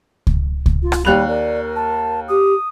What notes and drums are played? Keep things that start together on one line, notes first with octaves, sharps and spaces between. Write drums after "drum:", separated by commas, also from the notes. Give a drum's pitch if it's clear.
drum: kick C#2
drum: kick C#2
F4
drum: rim click
D#2 G3 B5 F#6 F7
A#4 D5
A5
G4 D#6